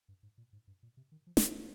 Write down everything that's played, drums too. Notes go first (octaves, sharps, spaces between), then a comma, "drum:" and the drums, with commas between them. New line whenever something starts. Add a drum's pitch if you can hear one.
G2
G#2
A#2
G#2
G2
A#2
C3
D#3
F3
drum: snare